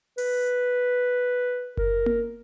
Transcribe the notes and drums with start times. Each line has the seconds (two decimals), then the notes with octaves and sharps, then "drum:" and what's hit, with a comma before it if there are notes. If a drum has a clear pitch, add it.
0.18 B4, drum: open hi-hat
1.77 A#4, drum: kick F#1
2.06 drum: tom A#3